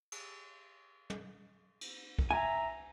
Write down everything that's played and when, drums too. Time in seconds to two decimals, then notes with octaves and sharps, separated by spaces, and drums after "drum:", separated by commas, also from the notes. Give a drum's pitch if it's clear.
0.12 drum: cymbal
1.10 drum: tom
1.81 drum: cymbal
2.19 drum: kick
2.31 E5 G#5 A#5